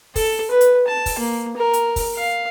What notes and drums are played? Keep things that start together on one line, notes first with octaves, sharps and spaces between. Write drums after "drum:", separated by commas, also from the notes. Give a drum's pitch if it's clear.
A4, drum: kick, open hi-hat
B4
drum: hi-hat
A5
drum: kick, open hi-hat
A#3
A#4
drum: hi-hat
drum: kick, open hi-hat
F5